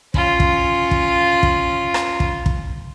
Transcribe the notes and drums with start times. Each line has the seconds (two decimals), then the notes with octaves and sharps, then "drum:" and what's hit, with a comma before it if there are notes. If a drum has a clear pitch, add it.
0.14 C#4 F4, drum: kick
0.40 drum: kick
0.91 drum: kick
1.43 drum: kick
1.94 drum: rim click
2.20 drum: kick
2.46 drum: kick